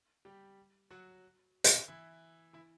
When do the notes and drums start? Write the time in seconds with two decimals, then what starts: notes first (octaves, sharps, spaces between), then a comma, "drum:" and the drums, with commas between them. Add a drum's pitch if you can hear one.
0.25 G3 G4
0.90 F#3 F#4
1.64 drum: hi-hat
1.88 E3 E4
2.53 E3 E4